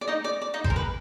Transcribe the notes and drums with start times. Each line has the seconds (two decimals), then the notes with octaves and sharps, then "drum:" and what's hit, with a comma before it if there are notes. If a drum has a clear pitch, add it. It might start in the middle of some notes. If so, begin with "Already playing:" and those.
0.01 D5
0.08 D#4 D#5
0.24 D5
0.42 D5
0.54 D#4 D#5
0.64 C5, drum: kick G#1
0.70 A#4
0.76 B4